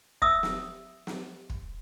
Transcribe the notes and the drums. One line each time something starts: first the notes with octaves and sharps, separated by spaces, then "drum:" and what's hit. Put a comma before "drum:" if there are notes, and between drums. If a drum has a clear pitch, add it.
E5 D#6 E6, drum: kick
drum: snare
drum: snare
drum: kick